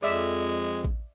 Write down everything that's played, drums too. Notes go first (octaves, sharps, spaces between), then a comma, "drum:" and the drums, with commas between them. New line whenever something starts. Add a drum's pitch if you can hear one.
F2 G#3 D5 E5
drum: kick A1